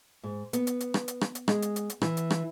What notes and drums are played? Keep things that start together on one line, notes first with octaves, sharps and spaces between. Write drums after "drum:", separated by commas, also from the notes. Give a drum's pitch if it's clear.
G#2
B3, drum: hi-hat
drum: hi-hat
drum: hi-hat
drum: rim click
drum: hi-hat
drum: rim click
drum: hi-hat
G#3, drum: rim click
drum: hi-hat
drum: hi-hat
drum: hi-hat
E3, drum: rim click
drum: hi-hat
drum: rim click